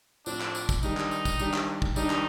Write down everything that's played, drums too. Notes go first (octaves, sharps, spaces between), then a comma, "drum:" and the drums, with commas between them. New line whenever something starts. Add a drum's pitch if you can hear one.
A2 F3 C4 D4, drum: tambourine
drum: clap
drum: tambourine
drum: kick, tambourine
D#3 G3 D4 D#4 G4, drum: tambourine
drum: clap
drum: tambourine
drum: kick, tambourine
D#3 G3 D4 G4, drum: tambourine
drum: clap
drum: kick
D#3 G3 D4 D#4 G4, drum: tambourine
drum: clap